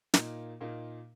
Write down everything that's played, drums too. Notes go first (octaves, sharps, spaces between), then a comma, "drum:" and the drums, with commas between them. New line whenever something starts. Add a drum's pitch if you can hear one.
A#2 A#3 D#4, drum: snare
A#2 A#3 D#4